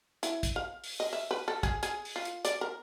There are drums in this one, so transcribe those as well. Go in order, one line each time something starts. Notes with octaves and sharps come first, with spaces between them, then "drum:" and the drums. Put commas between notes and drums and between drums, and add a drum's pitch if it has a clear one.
E4, drum: hi-hat
drum: kick, hi-hat
F5
drum: open hi-hat
D#5
E5
B4
A4
G#4, drum: kick, hi-hat
G#4, drum: hi-hat
drum: open hi-hat
F4
drum: hi-hat
D5, drum: hi-hat
A#4